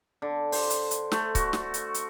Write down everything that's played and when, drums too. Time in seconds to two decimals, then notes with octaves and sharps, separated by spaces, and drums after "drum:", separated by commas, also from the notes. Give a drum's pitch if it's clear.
0.22 D3
0.52 C5, drum: open hi-hat
0.70 drum: hi-hat
0.91 drum: hi-hat
1.12 A3, drum: snare
1.35 F#4, drum: kick C#1, hi-hat
1.53 drum: snare
1.74 drum: hi-hat
1.94 drum: hi-hat